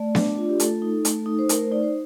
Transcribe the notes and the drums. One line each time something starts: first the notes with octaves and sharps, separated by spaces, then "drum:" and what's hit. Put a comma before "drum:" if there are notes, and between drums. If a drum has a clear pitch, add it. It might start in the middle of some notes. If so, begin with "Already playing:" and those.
Already playing: A3 D5
D4, drum: snare B3
F4
G4
A3 A4, drum: hi-hat
D#4
A3, drum: hi-hat
D#4
C5
A3 A#4, drum: hi-hat
C5
D#4 D5
C5